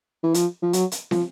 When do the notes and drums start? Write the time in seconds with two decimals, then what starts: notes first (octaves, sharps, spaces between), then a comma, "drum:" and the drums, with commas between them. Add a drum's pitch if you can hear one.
0.23 E3
0.34 F3, drum: hi-hat
0.62 F3
0.73 F#3, drum: hi-hat
0.92 drum: hi-hat
1.11 F3, drum: snare